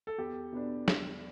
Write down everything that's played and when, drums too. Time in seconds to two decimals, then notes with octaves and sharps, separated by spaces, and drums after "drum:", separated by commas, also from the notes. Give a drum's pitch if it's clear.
0.07 A4
0.18 E2 G4
0.53 B2 B3 D4
0.88 E2, drum: snare